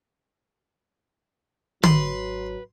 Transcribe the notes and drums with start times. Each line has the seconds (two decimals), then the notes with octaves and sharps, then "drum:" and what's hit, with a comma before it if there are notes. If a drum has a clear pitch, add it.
1.84 G#1 F#3 B4 C6, drum: tom